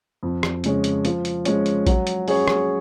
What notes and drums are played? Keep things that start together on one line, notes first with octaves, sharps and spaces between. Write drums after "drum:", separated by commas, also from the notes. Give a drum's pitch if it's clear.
F2
drum: rim click
C#3 G#3 C#4, drum: hi-hat
drum: hi-hat
F3, drum: hi-hat
drum: hi-hat
G#3 C#4, drum: hi-hat
drum: hi-hat
F#3, drum: kick, hi-hat
drum: hi-hat
C#4 G#4 C#5, drum: open hi-hat
drum: rim click